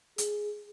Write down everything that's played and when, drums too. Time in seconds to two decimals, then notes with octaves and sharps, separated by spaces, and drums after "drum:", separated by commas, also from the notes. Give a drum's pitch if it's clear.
0.18 G#4, drum: hi-hat